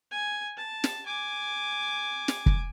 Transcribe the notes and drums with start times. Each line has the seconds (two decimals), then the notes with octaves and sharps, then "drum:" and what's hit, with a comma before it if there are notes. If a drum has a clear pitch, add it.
0.11 G#5
0.57 A5
0.84 drum: snare
1.06 G#5 D6
2.28 drum: snare
2.46 drum: kick